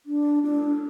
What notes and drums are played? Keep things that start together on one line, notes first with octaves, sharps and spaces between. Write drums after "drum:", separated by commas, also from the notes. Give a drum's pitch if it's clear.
D4
D4, drum: cymbal